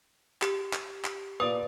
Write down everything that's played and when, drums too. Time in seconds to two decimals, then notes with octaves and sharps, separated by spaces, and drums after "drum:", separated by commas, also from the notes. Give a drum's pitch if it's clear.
0.42 G4, drum: clap
0.73 drum: clap
1.05 drum: clap
1.40 A#2 B4 D5 D#6